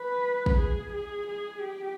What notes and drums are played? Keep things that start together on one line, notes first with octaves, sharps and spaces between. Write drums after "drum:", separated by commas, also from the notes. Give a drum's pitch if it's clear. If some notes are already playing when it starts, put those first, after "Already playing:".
Already playing: B4
drum: kick
G#4
G#4
G#4
G4